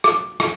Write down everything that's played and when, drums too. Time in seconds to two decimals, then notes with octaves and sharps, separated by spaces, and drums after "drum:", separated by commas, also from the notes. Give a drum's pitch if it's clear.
0.04 D6, drum: rim click
0.40 drum: rim click